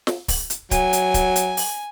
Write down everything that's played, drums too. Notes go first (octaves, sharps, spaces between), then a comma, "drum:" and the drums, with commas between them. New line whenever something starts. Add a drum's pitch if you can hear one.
drum: snare
drum: kick D1, open hi-hat
drum: hi-hat
F#3 G#5, drum: kick D1, hi-hat
drum: hi-hat
drum: kick D1, hi-hat
drum: hi-hat
drum: open hi-hat